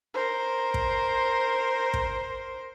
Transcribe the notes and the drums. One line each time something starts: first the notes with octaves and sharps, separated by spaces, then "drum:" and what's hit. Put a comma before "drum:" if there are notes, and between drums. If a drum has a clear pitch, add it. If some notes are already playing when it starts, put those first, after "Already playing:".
A#4 C5
drum: kick
drum: kick